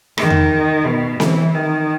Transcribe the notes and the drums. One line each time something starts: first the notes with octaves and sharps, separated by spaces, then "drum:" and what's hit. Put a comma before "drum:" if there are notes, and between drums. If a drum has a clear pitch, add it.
D#3, drum: rim click
drum: tom E2
B2
E3, drum: snare C4
D#3